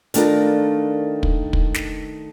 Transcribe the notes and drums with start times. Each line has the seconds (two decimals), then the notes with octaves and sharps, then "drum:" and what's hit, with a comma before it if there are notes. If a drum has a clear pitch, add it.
0.14 D#3 A3 D4 F4 A#4, drum: hi-hat
1.23 drum: kick
1.53 drum: kick
1.74 drum: snare